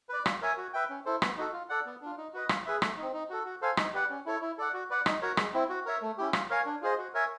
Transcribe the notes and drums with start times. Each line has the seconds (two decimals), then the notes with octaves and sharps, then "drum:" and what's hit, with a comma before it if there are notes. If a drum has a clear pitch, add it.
0.09 B4 D5
0.26 F4, drum: rim click
0.41 A#4 C#5 E5 G#5
0.57 F#4
0.73 B4 E5 G5
0.89 C#4
1.05 E4 A4 C5
1.22 B3, drum: rim click
1.37 D#4 F#4 A4
1.53 F4
1.69 A4 D5 F#5
1.86 B3
2.02 D4 F4
2.18 D#4
2.34 F#4 B4 D#5
2.49 F4, drum: rim click
2.66 G#4 B4 E5
2.82 A3, drum: rim click
2.97 C4 D#4
3.14 D#4
3.30 F#4 A4
3.45 F#4
3.61 A4 C5 F5 G#5
3.77 D#4, drum: rim click
3.94 G4 B4 D5 F#5
4.10 C#4
4.26 E4 A4 C#5
4.42 E4
4.58 A4 D5 F#5
4.74 F#4
4.90 B4 D5 F#5
5.06 D#4, drum: rim click
5.22 F#4 A#4 C#5
5.37 G#3, drum: rim click
5.54 C4 E4
5.69 F#4
5.86 A#4 C#5 E5
6.02 A3
6.18 C#4 E4 G4
6.33 F4, drum: rim click
6.50 A#4 C#5 F5 G#5
6.66 D4
6.81 F4 G#4 C5 D#5
6.98 F#4
7.14 A#4 C#5 E5 G#5